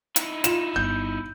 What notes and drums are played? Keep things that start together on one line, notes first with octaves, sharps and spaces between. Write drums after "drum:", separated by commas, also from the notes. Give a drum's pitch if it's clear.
D#4 E4, drum: hi-hat
F4 E7, drum: hi-hat
G1 G6